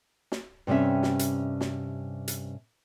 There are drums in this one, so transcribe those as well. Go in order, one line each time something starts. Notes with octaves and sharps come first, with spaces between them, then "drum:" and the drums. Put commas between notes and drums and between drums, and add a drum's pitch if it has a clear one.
drum: snare
G2 C3 G3 C#4 E5
drum: snare
drum: hi-hat
drum: snare
drum: hi-hat